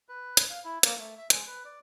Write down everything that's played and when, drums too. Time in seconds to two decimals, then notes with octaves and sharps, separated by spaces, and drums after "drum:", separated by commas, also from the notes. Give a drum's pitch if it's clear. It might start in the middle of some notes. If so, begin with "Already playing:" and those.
0.09 B4
0.37 drum: hi-hat
0.50 F5
0.64 E4
0.83 A#3, drum: hi-hat
0.98 A3
1.18 E5
1.30 G#3, drum: hi-hat
1.47 B4
1.65 D5